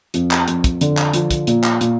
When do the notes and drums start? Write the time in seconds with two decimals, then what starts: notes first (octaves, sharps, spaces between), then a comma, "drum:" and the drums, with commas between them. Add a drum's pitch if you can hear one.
0.14 F2, drum: hi-hat
0.31 drum: clap
0.48 F2, drum: hi-hat
0.64 drum: kick, hi-hat
0.81 D3, drum: hi-hat
0.97 drum: clap
1.13 F3, drum: hi-hat
1.31 drum: kick, hi-hat
1.47 A#2, drum: hi-hat
1.64 drum: clap
1.81 A#2, drum: hi-hat